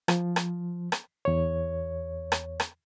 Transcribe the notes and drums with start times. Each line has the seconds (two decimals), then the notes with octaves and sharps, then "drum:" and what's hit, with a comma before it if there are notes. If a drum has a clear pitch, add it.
0.08 F3, drum: rim click
0.36 drum: rim click
0.92 drum: rim click
1.25 E2 C#5
2.32 drum: rim click
2.60 drum: rim click